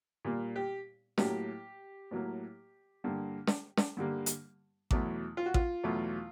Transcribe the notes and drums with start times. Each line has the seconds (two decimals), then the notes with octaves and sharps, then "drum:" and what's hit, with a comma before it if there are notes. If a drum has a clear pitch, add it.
0.25 A#2 G3 A#3
0.56 G4
1.18 A2 F#3 A#3 G4, drum: snare
2.11 A2 F#3 A#3
3.04 G2 D3 G3 A#3
3.47 drum: snare
3.77 drum: snare
3.97 G2 D3 G3 A#3
4.26 drum: hi-hat
4.91 E2 B2 F#3 A3, drum: kick A1
5.37 F4
5.46 F#4
5.54 F4, drum: kick A1
5.84 E2 B2 F#3 A3